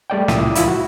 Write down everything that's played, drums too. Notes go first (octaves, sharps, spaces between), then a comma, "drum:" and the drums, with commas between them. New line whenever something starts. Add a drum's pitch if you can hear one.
G3 A3 D5 G5
C#2 A#2 E4 E5 D6 D#6, drum: snare
C#2 F3 E4 F4 E5 B5, drum: hi-hat
F#4